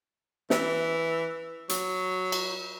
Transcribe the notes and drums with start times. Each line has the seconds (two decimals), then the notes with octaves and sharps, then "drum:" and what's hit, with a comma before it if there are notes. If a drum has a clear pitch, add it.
0.50 E3, drum: snare
1.69 F#3, drum: hi-hat
2.32 drum: cymbal